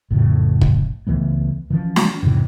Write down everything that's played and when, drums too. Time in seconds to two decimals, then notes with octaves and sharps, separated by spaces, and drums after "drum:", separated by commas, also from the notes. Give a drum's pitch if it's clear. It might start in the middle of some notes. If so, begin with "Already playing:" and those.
0.10 A1 F2 A2 C#3
0.61 drum: kick
1.07 C#2 E3 A3 B3
1.70 E3 F3 C#4
1.96 drum: snare
2.23 E2 G#2 C3 E3